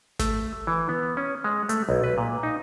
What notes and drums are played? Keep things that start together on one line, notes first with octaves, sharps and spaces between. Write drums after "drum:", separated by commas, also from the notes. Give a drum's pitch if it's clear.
A3, drum: snare G#1
E3
B3
C#4
G#3
A3, drum: hi-hat
B1
B4
A#2
D#4